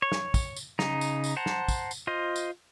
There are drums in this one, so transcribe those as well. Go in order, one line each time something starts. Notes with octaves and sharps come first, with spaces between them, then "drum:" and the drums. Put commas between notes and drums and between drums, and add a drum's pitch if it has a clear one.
C#5
drum: snare
drum: kick, tambourine
drum: tambourine
C#3 D#4 A#5, drum: snare
drum: tambourine
drum: tambourine
C5 F#5 A5 A#5
drum: snare
drum: kick, tambourine
drum: tambourine
F4 C5 D#5
drum: tambourine